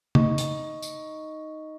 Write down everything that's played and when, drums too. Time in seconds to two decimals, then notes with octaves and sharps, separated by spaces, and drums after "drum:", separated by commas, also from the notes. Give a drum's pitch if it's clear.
0.15 D#4 D#5 C#6, drum: tom
0.38 drum: hi-hat
0.82 drum: tambourine